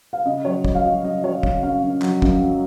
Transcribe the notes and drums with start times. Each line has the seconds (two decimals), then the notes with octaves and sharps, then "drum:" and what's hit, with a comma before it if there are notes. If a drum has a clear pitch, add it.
0.13 F5
0.26 C#3 D#5
0.45 F#3 C#5
0.65 F#3 D#5, drum: kick
0.75 F5
0.84 F#3 D#5
1.04 C#3 D#5
1.24 F#3 C#5
1.43 C#3, drum: kick
1.63 F#2 F5
1.83 F#2
2.02 F#3, drum: clap
2.22 F#2, drum: kick
2.42 F#3